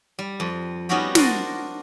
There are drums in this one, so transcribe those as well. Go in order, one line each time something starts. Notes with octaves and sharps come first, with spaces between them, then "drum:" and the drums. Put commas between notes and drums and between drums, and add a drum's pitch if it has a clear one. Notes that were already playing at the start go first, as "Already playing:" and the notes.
G3
F2
G3 B3 C#4 D#4 F#4 G4
D4 F#4 A#4 C5 D5 D#5, drum: snare